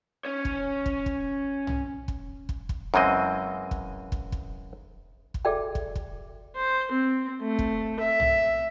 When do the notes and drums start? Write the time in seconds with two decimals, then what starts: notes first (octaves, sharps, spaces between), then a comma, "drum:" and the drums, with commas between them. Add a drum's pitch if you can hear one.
0.25 C#4 C#5
0.45 drum: kick
0.86 drum: kick
1.06 drum: kick
1.67 drum: tom
2.08 drum: kick
2.49 drum: kick
2.69 drum: kick
2.94 F#2 C#3 E3 G#3 C4 D#5
3.71 drum: kick
4.12 drum: kick
4.32 drum: kick
5.34 drum: kick
5.45 F#4 G#4 A4 D5 E5 G5
5.75 drum: kick
5.95 drum: kick
6.56 C5
6.91 C4
7.42 A3
7.59 drum: kick
7.99 E5
8.20 drum: tom